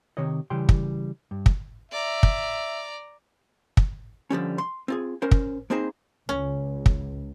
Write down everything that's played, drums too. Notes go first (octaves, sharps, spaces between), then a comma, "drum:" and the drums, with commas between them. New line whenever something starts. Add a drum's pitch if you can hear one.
C3 D#3 C#5 D#5
C#3 E3 G3 G5 C6
drum: kick
G2
drum: kick
D5 E5 A#5
drum: kick
drum: kick
D3 F3 G3 C#4
C6
C4 F4 G#4
C#4 A#4 C5
drum: kick
A#3 C4 D#4 G#4 C5
C#2 C#4
drum: kick